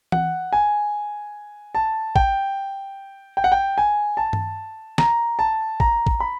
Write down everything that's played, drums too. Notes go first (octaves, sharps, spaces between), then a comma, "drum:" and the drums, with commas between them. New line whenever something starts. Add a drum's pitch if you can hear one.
F#5, drum: tom E3
G#5
A5
G5, drum: kick
G5
F#5
G5
G#5
A5
drum: tom G2
A#5, drum: snare
A5
A#5, drum: kick
drum: kick
B5